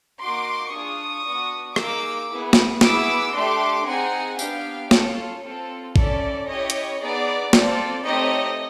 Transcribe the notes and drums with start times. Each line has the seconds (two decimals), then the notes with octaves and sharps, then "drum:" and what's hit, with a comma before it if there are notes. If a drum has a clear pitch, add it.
0.20 A#3 D#4 F#4 C6 D6
0.72 D4 F4 G#4 C#6 D#6
1.25 B3 D4 F#4
1.76 A#3 D#4 G#4 D6 E6, drum: rim click
2.29 B3 E4 G#4
2.53 drum: snare
2.81 B3 E4 G#4 D6 E6, drum: snare
3.34 A3 D4 G4 C6 D6
3.86 C4 D#4 G#4 F#5 G#5
4.39 B3 D4 G4 F5 G5, drum: tambourine
4.91 C#4 F4 A4 C#5, drum: snare
5.44 C4 F4 A4
5.96 C#4 E4 A4 D5, drum: kick A1
6.48 C#4 E4 G4 C#5 D#5
6.70 drum: hi-hat
7.01 B3 D#4 G#4 D5
7.53 C4 F4 A4 D5, drum: snare
8.06 A3 C4 D#4 G4 C#5 D#5